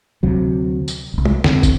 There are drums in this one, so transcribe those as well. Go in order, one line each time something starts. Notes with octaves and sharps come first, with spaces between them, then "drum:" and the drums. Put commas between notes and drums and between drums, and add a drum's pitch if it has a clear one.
D2 C3 F#3
drum: tambourine
E1 C2
drum: tom
F2 D3 C4, drum: snare
drum: kick, tambourine